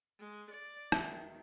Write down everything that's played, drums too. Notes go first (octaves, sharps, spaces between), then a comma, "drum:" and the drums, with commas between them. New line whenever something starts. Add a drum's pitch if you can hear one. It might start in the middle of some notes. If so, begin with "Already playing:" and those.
G#3
D5
E1 D#3 E5, drum: rim click